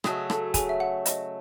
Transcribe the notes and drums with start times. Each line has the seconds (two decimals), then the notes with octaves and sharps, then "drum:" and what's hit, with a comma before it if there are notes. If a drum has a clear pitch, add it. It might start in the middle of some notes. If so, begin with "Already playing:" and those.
0.04 C#3 F#3 A3 D#5 D#6, drum: rim click
0.30 A4 A5, drum: rim click
0.54 G#4 G#5, drum: kick, hi-hat
0.69 E5
0.80 F#5
1.06 D#5, drum: hi-hat